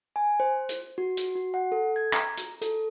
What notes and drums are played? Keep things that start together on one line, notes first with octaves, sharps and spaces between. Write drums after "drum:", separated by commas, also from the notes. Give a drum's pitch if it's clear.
G#5
C5
drum: hi-hat
F#4
drum: hi-hat
F#4
F#5
A4
G#6
A#5, drum: clap
drum: hi-hat
A4, drum: hi-hat